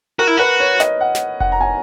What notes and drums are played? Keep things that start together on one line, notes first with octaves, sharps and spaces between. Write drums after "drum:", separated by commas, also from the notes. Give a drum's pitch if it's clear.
F#4 A#4
E4
F#4 B4
C#5
D#5, drum: snare
F#5
drum: snare
F#5, drum: kick F1
A#5
G#5